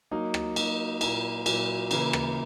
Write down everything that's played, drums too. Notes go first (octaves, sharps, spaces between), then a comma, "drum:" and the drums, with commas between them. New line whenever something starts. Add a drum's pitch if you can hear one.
F#3 A#3 D#4
drum: rim click
F#3 A#3 D#4, drum: cymbal
A#2 F#3 A#3 E4, drum: cymbal
A#2 F#3 A#3 E4, drum: cymbal
C#3 E3 A#3 E4, drum: cymbal
drum: rim click